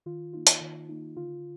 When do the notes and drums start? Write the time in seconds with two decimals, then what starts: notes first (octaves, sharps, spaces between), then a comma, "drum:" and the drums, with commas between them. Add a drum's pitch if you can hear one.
0.06 D#3 F4
0.33 A#3 D#4 F4
0.47 drum: hi-hat
0.61 D#3
0.89 A#3 D#4
1.16 D3 F4